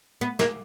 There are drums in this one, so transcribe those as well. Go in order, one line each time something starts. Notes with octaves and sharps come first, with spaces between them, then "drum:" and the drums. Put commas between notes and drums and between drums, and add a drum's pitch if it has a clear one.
B3
A#3, drum: snare